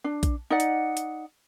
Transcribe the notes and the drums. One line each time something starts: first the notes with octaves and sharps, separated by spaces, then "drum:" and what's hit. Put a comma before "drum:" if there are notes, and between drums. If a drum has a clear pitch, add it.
D4
drum: kick A#1, hi-hat
D#4 D5 F#5
drum: hi-hat
drum: hi-hat